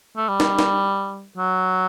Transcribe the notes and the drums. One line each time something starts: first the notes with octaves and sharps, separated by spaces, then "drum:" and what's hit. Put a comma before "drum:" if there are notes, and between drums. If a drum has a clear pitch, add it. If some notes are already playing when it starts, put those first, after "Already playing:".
A3
G3
drum: snare
drum: snare
F#3